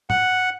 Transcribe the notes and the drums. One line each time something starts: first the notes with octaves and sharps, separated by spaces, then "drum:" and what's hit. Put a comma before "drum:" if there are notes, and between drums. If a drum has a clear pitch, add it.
F#5, drum: tom G#2